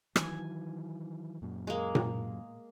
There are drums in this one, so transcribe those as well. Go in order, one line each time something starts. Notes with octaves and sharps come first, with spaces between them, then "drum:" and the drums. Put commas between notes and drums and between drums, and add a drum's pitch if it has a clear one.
D#3 E3 F#3 G#5, drum: rim click
F#2 A#2
G#3 A#3
drum: tom A#2